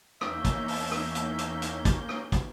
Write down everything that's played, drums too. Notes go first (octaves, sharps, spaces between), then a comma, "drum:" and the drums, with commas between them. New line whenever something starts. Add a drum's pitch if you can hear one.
E2 A#3 C#4 D#4 E5 G6, drum: rim click
drum: kick, hi-hat
drum: open hi-hat
drum: rim click
drum: hi-hat
drum: hi-hat
drum: hi-hat
drum: kick, hi-hat
drum: rim click
drum: kick, hi-hat